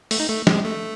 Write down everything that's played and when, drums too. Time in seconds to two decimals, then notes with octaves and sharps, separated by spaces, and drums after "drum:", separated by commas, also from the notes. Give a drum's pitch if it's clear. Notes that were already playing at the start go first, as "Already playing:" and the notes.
0.11 A3, drum: open hi-hat
0.20 D#4
0.29 A3
0.47 G#3, drum: snare
0.65 A3